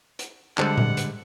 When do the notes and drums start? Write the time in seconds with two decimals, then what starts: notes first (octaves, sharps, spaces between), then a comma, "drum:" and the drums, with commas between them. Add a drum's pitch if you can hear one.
0.19 drum: hi-hat
0.58 D3 G3 G#3 G#4 A4 C5 F#5 A5, drum: clap
0.78 drum: tom A#2
0.97 drum: hi-hat